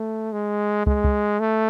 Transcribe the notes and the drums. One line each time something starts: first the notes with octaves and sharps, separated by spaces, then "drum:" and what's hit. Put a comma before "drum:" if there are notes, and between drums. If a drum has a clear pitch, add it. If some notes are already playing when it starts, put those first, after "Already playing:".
Already playing: A3
G#3
G#3, drum: kick
drum: kick
A3